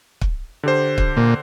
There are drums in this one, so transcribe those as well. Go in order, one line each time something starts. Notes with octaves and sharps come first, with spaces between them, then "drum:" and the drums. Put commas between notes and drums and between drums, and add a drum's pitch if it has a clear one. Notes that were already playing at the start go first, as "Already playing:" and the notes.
drum: kick
D3 G4 C5
drum: kick
A#2